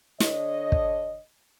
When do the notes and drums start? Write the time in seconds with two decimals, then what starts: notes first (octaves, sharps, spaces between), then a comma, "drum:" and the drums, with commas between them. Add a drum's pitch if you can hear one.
0.20 D3 D4 C#5 D#5, drum: snare
0.72 drum: kick